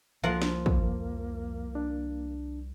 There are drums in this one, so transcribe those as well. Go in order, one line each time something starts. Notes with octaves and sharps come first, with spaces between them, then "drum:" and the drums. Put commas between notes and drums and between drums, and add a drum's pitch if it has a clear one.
C2 F3 A#3 A#4 F#5
drum: snare
F2, drum: kick
D4